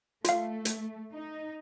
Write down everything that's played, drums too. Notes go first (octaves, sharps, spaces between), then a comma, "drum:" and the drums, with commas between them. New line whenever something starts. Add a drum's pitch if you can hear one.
A3 F4 F5, drum: hi-hat
drum: hi-hat
D#4